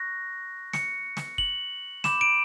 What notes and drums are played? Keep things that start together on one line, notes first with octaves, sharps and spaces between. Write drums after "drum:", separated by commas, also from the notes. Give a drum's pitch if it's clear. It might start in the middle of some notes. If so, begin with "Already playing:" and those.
Already playing: C#6 F#6 A#6
C#7, drum: snare
drum: snare
F#7, drum: kick
B5 D6 G6 E7, drum: snare
D7